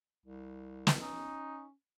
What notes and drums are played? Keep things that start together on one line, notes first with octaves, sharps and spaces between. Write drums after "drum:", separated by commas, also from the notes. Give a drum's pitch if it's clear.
C2
drum: snare
C#4 D#4